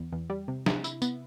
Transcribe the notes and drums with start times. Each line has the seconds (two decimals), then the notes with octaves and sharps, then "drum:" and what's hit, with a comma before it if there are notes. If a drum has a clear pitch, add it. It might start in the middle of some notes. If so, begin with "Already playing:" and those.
Already playing: E2
0.12 E2
0.30 G3
0.48 C3
0.66 C3, drum: snare
0.84 E4, drum: tambourine
1.02 B3, drum: tambourine